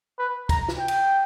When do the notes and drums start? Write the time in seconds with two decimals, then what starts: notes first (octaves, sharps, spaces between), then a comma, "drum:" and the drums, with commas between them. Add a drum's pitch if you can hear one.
0.18 B4
0.49 A#5, drum: kick, cymbal
0.68 drum: snare
0.78 G5
0.88 drum: cymbal